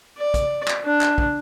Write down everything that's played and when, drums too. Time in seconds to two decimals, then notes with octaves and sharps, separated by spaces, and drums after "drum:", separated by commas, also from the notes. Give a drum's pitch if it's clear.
0.18 D5
0.34 drum: kick, hi-hat
0.68 drum: clap
0.84 D4
1.01 drum: clap
1.18 drum: kick